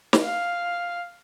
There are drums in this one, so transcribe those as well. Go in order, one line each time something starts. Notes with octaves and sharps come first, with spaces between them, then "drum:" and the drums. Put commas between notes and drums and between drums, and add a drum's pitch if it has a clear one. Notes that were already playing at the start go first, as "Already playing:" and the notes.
drum: snare
F5